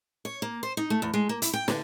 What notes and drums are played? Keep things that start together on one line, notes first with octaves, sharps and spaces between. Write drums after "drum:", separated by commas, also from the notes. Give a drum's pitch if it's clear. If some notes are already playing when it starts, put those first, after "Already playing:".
C#5
A#3
C5
D#4
A3
E2
G#3
A#3
E4, drum: hi-hat
G5
D3, drum: snare